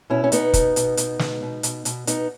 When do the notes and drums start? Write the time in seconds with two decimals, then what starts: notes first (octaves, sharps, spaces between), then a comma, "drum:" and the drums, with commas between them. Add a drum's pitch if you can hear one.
0.10 B2 C#4 E4
0.24 C#4
0.32 B2 B3 D#4, drum: hi-hat
0.54 B2, drum: kick, hi-hat
0.76 B2, drum: hi-hat
0.97 B2, drum: hi-hat
1.19 B2, drum: snare
1.42 B2
1.63 B2, drum: hi-hat
1.85 B2, drum: hi-hat
2.07 B2 B3 D#4, drum: hi-hat